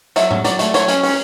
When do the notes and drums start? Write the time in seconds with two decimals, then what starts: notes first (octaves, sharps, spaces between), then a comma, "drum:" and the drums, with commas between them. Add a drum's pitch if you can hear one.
0.16 F#3 E5, drum: hi-hat
0.31 F#3, drum: tom
0.44 F#3 D5, drum: hi-hat
0.59 A3, drum: hi-hat
0.74 F#3 C#5, drum: hi-hat
0.88 C#4, drum: hi-hat
1.03 C#4, drum: open hi-hat